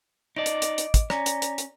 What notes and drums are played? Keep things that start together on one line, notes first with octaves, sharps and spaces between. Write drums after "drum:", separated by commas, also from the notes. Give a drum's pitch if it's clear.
D#4 D5 D#5 D6 D7
drum: hi-hat
drum: hi-hat
drum: hi-hat
drum: kick, hi-hat
C#4 D5 A#5 A#6, drum: rim click
drum: hi-hat
drum: hi-hat
drum: hi-hat